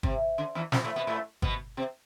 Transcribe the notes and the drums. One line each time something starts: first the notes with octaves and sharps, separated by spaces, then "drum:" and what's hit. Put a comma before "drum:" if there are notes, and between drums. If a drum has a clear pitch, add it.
C3, drum: kick G1
D3
E2 E3
F2 F3, drum: snare
A2 A3
B2 B3
A2 A3
B2 B3, drum: kick G1
C3 C4